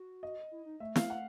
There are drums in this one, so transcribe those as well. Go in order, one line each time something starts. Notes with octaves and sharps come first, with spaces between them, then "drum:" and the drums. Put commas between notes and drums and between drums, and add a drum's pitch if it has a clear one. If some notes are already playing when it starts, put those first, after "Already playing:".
Already playing: F#4
D#5
E4
D#4
A3 E5
F5, drum: snare
F#5